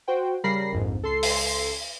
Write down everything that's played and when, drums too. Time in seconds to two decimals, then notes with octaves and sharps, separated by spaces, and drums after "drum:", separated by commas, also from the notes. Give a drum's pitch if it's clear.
0.08 F#4 C5 G5
0.44 C#3 G3 A#4 B5 A#6 C7
0.72 A#1 F2 G#2
1.02 C#2 A4 C6 C7
1.23 drum: open hi-hat